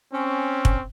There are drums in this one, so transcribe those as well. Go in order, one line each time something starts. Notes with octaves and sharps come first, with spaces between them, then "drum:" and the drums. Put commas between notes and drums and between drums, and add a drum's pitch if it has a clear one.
C4 C#4
drum: kick